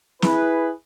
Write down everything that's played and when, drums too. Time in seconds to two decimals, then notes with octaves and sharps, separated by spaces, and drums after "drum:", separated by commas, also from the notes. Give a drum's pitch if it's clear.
0.22 E4 G#4 B4, drum: snare